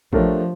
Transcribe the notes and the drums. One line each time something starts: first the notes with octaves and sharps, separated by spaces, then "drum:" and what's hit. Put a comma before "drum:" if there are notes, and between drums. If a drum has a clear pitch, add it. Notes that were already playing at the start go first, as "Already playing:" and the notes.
F3 A3 D4 G4 A#4 C#5, drum: kick A1